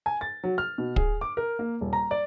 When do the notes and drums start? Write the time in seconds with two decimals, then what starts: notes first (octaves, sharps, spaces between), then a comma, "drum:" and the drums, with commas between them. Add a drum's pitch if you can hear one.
0.06 G#5
0.21 A6
0.44 F#3
0.58 F6
0.78 B2
0.96 G#4, drum: kick
1.21 D6
1.37 A#4
1.59 A#3
1.81 D#1
1.93 A#5
2.11 D5